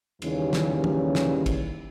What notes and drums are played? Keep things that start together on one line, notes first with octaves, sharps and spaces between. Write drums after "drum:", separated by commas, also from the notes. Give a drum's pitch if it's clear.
D#2 C#3 E3 G3 C#4, drum: cymbal
drum: snare
drum: tom
drum: snare
drum: kick, cymbal